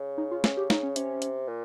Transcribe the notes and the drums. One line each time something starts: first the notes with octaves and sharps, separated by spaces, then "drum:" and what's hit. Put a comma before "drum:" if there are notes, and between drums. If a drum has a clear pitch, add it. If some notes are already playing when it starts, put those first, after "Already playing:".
Already playing: C#3
D#4
F4
C#4, drum: snare
G4
D#4, drum: snare
C#4
C3 C#4, drum: hi-hat
drum: hi-hat
A#2